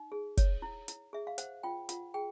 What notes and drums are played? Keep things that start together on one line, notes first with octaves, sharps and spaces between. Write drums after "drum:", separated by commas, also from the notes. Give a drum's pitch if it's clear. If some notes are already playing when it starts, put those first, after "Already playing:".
Already playing: D#4
G#4
C#5, drum: kick, hi-hat
E4
E4, drum: hi-hat
G#4 E5
F5
C5 F#5, drum: hi-hat
F4 G5
F4 F#5, drum: hi-hat
G#4 G5